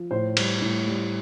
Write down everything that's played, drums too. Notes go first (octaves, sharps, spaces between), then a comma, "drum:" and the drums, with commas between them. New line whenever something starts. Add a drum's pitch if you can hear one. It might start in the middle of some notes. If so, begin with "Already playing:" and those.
Already playing: F3
A2 C5
G3, drum: cymbal
A2
G3